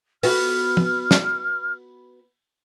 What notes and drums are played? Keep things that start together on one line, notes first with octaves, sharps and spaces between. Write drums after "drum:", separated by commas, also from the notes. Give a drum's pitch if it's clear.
B3 F#4 F6, drum: open hi-hat
drum: tom
drum: snare